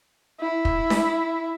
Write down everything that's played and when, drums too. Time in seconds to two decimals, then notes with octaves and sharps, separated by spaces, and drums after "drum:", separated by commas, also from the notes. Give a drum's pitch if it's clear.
0.40 E4
0.65 drum: kick
0.90 drum: snare D4